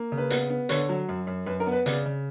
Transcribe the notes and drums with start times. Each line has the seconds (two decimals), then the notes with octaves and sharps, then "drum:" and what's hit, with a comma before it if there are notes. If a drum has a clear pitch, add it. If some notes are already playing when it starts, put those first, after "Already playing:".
Already playing: A#3
0.12 C#3
0.18 B4
0.30 B3, drum: hi-hat
0.50 B3
0.69 D3 C#5, drum: hi-hat
0.89 F#3
1.09 F#2
1.27 F#2
1.46 F#2 B4
1.60 A#4
1.67 B3
1.72 B4
1.86 C#3 D5, drum: hi-hat
2.05 C#3